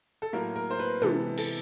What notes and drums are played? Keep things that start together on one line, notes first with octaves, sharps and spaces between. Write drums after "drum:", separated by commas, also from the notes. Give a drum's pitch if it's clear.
A4
A2 F#3 A#3 A#4
A#4
C5
B4
C3 E3 G#3 B3 A4, drum: tom
A4, drum: cymbal